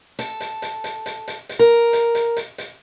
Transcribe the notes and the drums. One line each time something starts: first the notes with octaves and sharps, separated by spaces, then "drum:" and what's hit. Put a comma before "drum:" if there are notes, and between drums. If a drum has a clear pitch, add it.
A4, drum: hi-hat
drum: hi-hat
drum: hi-hat
drum: hi-hat
drum: hi-hat
drum: hi-hat
drum: hi-hat
A#4
drum: hi-hat
drum: hi-hat
drum: hi-hat
drum: hi-hat